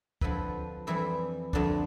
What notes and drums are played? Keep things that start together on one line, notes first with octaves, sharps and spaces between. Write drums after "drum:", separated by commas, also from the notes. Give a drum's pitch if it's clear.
D3 F3 C4 E4 B4, drum: kick
F2 E3 G3 C4 E4
F2 D3 A3 D4, drum: kick